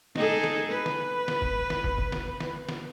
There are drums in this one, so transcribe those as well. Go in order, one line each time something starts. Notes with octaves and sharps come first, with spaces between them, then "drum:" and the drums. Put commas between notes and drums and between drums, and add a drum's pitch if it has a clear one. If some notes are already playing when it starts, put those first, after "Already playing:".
D#4 G#4 A4, drum: snare
drum: snare
B4
drum: snare
drum: snare
drum: kick
drum: snare
drum: kick
drum: kick
drum: snare
drum: snare
drum: snare